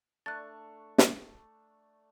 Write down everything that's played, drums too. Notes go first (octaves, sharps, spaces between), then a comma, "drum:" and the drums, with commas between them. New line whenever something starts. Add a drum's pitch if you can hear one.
A3 D4 C#6 F#6 A6
drum: snare